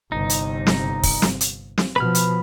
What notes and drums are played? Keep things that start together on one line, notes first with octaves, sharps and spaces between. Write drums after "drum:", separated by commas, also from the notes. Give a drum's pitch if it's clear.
G1 C3 D#4
drum: hi-hat
drum: snare
drum: kick, open hi-hat
drum: snare
drum: hi-hat
drum: snare
B2 F3 B4 B5 F6
drum: hi-hat